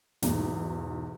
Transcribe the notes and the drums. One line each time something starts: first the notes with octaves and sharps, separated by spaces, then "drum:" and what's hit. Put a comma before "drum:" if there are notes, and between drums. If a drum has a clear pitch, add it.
B1 E2 G#2, drum: snare